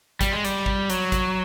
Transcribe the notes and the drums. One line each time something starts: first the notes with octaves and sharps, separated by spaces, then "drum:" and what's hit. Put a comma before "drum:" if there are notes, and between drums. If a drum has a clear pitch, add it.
G3, drum: kick G#1, hi-hat
G#3
G3, drum: hi-hat
drum: kick G#1
F#3, drum: hi-hat
drum: kick G#1, hi-hat